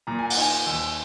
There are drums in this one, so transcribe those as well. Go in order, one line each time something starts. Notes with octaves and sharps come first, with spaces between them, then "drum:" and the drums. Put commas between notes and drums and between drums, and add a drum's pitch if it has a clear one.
A#2 A#5
G#5
F#5, drum: open hi-hat
D#4 G#5
D#2